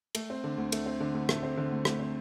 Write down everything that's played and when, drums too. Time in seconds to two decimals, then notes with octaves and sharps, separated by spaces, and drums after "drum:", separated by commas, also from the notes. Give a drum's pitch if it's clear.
0.15 A3, drum: cymbal
0.30 C4
0.44 D3
0.57 D2
0.72 A3, drum: cymbal
0.86 C4
1.00 D3
1.14 D2
1.29 A3, drum: rim click
1.43 C4
1.57 D3
1.72 D2
1.85 A3, drum: rim click
2.00 C4